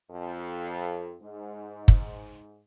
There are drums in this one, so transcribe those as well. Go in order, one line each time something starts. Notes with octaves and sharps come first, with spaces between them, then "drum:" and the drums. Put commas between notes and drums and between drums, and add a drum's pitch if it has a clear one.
F2
G#2
drum: kick